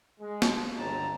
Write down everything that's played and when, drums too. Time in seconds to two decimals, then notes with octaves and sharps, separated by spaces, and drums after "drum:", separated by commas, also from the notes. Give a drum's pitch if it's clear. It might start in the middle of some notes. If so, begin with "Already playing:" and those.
0.20 G#3
0.42 drum: snare
0.76 G1 C#2 G2 D3 A5 A#5